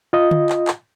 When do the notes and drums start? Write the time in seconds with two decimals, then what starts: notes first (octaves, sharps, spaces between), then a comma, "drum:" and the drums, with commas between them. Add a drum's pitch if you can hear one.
0.13 F4 D#5
0.31 drum: tom D3
0.49 drum: clap
0.68 drum: clap